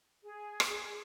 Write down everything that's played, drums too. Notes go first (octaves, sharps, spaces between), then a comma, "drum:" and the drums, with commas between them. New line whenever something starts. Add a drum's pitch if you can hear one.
G#4
drum: rim click